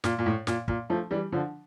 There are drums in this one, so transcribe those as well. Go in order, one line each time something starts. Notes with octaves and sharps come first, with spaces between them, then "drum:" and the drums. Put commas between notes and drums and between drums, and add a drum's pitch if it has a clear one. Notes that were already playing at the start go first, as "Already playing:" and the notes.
A#2, drum: snare
A#2
A2
A#2, drum: snare
A#2, drum: kick
F3 A3
E3 G3
D3 F3